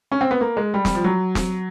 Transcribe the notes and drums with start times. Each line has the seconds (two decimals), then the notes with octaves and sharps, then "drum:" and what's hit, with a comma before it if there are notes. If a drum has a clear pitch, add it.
0.12 C#4
0.21 C4
0.31 B3
0.41 A#3
0.57 G#3
0.74 G3
0.85 drum: snare
0.95 F3
1.04 F#3
1.35 drum: snare